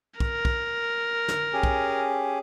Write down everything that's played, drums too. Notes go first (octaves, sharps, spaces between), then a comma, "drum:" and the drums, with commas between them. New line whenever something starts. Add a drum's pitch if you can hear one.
A#4, drum: kick
drum: kick
drum: snare
C#4 G4 G#4
drum: kick